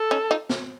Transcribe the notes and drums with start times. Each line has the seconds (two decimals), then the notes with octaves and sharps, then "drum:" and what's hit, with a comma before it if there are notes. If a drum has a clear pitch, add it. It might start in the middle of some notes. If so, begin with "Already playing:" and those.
Already playing: A4
0.11 C#4 D#4
0.31 D#4 F4
0.49 drum: snare